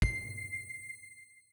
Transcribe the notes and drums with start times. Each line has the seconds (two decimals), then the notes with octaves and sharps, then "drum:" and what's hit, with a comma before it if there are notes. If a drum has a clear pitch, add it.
0.02 C7, drum: kick